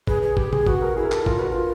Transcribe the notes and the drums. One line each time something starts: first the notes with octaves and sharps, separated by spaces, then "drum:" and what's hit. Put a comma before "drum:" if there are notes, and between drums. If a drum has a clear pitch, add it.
G#4 B4, drum: kick G#1
G#4
G4, drum: kick G#1
G#4, drum: tom B2
F#4 B4, drum: kick G#1
A#4
E4 G#4
A#4
A4, drum: clap
F4 A#4, drum: kick G#1
F#4 B4
A#4
F4